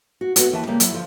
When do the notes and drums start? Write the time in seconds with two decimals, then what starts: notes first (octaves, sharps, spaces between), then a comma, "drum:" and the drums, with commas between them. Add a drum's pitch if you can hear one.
0.21 F#4
0.36 A3 B3 F#4, drum: hi-hat
0.52 D#2 E3 A5
0.67 C#3 G3 A#3
0.80 F#3 E4, drum: hi-hat
0.92 D3 F3